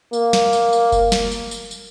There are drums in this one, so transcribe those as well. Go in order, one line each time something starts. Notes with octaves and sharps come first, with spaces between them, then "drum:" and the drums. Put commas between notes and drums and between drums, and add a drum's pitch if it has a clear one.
A#3, drum: tambourine
drum: snare
drum: tambourine
drum: tambourine
drum: kick F#1, tambourine
drum: snare
drum: tambourine
drum: tambourine
drum: tambourine